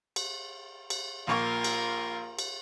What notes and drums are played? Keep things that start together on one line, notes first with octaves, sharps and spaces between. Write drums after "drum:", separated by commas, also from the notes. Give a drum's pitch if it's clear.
drum: cymbal
drum: cymbal
A#1 A#3 F4 A#4 C#6
drum: cymbal
drum: cymbal